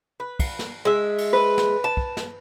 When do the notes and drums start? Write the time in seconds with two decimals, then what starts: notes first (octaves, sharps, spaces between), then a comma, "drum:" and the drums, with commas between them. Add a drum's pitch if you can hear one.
0.20 B4
0.39 drum: kick, cymbal
0.59 drum: snare
0.85 G#3 E5
1.18 drum: cymbal
1.33 B4
1.58 drum: snare
1.84 A5
1.97 drum: kick
2.17 drum: snare